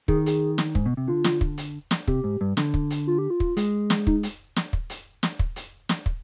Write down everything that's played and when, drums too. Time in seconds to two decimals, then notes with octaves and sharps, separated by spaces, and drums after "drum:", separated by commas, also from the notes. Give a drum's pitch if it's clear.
0.08 D#3 G#4, drum: kick
0.26 G#4, drum: hi-hat
0.58 drum: snare
0.75 G#2, drum: kick
0.86 B2
0.97 C3
1.08 D3 F4
1.24 drum: snare
1.41 drum: kick
1.58 drum: hi-hat
1.91 drum: snare
2.08 C3 G4, drum: kick
2.24 G#2
2.41 G2
2.57 D3, drum: snare
2.74 drum: kick
2.90 drum: hi-hat
3.07 F4
3.18 G4
3.30 F4
3.40 drum: kick
3.57 G#3, drum: hi-hat
3.90 drum: snare
4.07 D#4, drum: kick
4.23 drum: hi-hat
4.56 drum: snare
4.73 drum: kick
4.90 drum: hi-hat
5.23 drum: snare
5.39 drum: kick
5.56 drum: hi-hat
5.89 drum: snare
6.06 drum: kick